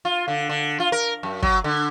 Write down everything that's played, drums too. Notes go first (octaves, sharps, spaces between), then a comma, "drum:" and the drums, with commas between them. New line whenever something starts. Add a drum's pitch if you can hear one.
F4
D3
D3
F4
A#4
F#2
F#3, drum: kick
D3